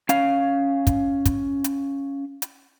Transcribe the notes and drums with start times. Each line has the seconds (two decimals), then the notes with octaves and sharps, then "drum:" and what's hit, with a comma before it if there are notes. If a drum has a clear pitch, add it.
0.09 C#4 F5, drum: hi-hat
0.87 drum: kick, hi-hat
1.25 drum: kick, hi-hat
1.64 drum: hi-hat
2.42 drum: hi-hat